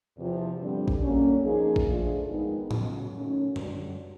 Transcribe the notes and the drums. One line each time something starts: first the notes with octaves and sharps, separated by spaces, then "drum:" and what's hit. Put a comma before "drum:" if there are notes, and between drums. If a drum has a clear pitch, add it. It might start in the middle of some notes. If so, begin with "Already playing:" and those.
E2 C3 F3
G2 D3 G3 C4
drum: kick A1
D3 F#3 A#3 C#4
F3 A#3 D#4 G#4
drum: kick A1
F3 A3 D4 F4 G#4
G#2 D#3 G#3 B3 D#4
F#2 C#3 F#3, drum: tom
D#3 F#3 A3 C#4
G2 D3 F#3, drum: tom